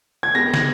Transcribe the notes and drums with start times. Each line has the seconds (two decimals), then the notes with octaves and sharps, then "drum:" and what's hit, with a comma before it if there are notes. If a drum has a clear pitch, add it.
0.23 G#6
0.35 G#3 B3 G4 A#4 A#6
0.54 drum: snare